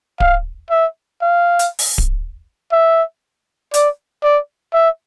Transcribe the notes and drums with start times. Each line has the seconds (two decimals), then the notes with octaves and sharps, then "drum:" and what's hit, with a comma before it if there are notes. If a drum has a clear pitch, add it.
0.20 F5, drum: kick D1
0.71 E5
1.22 F5
1.59 drum: hi-hat
1.79 drum: open hi-hat
1.98 drum: kick D1
2.72 E5
3.74 D5, drum: hi-hat
4.23 D5
4.74 E5